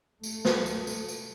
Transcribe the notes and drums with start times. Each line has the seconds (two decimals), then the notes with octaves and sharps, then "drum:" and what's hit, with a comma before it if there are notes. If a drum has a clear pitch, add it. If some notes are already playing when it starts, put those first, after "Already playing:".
0.23 A3, drum: tambourine
0.45 drum: snare
0.66 drum: tambourine
0.87 drum: tambourine
1.08 drum: tambourine